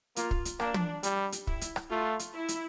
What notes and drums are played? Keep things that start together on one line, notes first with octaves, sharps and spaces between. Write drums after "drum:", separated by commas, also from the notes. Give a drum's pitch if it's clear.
A#3 F4, drum: hi-hat
drum: kick
drum: hi-hat
A#3 D4, drum: rim click
drum: tom
G3, drum: hi-hat
drum: hi-hat
E4, drum: kick
drum: hi-hat
drum: rim click
A3 F4
drum: hi-hat
E4
drum: hi-hat